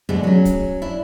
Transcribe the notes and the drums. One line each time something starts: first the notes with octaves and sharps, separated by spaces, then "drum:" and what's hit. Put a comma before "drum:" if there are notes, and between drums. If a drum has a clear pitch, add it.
B2 D3 E3 G#3 A3 B3, drum: snare
F#3 C#4
drum: kick, hi-hat
D4 E4